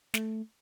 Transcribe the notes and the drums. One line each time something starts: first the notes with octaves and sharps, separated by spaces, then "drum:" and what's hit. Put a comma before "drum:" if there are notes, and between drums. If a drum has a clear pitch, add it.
A3, drum: snare